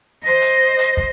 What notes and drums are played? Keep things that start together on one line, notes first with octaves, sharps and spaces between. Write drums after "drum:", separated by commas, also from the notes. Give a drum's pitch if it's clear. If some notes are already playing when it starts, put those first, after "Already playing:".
C5 D#5
drum: hi-hat
drum: hi-hat
drum: kick